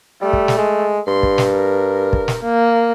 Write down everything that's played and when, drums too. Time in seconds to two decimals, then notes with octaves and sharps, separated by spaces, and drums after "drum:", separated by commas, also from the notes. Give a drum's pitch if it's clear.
0.22 G3 A3
0.33 drum: kick
0.48 drum: snare
0.59 G#3
1.07 G2 C6
1.23 drum: kick
1.38 drum: snare
1.51 A#4
2.13 drum: kick
2.28 drum: snare
2.43 A#3